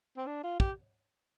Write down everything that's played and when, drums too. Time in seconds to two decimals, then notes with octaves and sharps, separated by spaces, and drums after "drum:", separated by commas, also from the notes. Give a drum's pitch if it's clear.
0.17 C4
0.27 D4
0.44 F4
0.60 G4, drum: kick